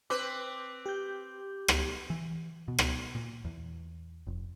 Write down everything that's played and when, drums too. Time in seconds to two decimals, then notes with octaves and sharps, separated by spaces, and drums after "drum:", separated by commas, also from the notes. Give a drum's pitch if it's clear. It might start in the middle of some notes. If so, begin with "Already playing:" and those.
0.10 C4 B4 D6
0.86 G4 G6
1.68 drum: rim click
2.10 E3
2.68 B2
2.78 drum: rim click
3.15 A#2
3.45 E2
4.27 F1